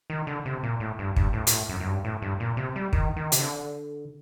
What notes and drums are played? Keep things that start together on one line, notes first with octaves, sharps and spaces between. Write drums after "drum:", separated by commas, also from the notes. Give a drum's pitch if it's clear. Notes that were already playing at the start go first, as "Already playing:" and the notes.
D#3
D3
C3
A#2
A2
G2
G2, drum: kick
A2
A#2, drum: hi-hat
A2
F#2
F#2
G2
A2
G2
A#2
C3
G3
D#3, drum: kick
D#3
C3, drum: hi-hat
D3